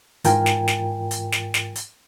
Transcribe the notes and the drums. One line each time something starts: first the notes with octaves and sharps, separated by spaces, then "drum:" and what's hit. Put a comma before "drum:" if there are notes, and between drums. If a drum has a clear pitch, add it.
G#2 E3 F4 A#4 G5 G#5, drum: hi-hat
drum: snare
drum: snare
drum: hi-hat
drum: snare
drum: snare
drum: hi-hat